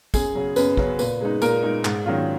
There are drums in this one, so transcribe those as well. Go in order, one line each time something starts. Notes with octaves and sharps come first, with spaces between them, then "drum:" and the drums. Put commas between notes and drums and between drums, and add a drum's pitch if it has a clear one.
F#2 G#4, drum: kick, tambourine
C#3 F#3
F#2 B4, drum: tambourine
C#3 F#3, drum: kick
A#2 B4, drum: tambourine
G#3 D#4
A#2 A#4, drum: tambourine
G#3 D#4
G#2, drum: clap
D#3 F#3 C#4 F4